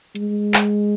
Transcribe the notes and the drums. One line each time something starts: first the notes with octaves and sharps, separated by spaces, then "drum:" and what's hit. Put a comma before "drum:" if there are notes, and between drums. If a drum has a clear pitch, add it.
G#3, drum: hi-hat
drum: clap